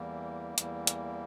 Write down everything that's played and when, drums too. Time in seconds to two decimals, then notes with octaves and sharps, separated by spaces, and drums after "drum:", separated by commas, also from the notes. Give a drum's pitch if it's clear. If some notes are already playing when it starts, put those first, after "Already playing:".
Already playing: E2 E3 G3 A#3
0.58 E2 E3 G3 A#3, drum: hi-hat
0.87 drum: hi-hat